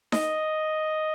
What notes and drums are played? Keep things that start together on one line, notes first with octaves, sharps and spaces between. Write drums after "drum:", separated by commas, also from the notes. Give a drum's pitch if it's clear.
D#5, drum: snare D#4